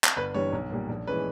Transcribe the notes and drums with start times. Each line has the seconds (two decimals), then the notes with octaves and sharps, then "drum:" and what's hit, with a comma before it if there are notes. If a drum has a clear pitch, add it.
0.04 drum: clap
0.17 G1 B4
0.34 G2 E3 G3 C#5
0.53 B1
0.71 A#2 G3
0.89 A#1
1.07 E3 G#3 C#4 B4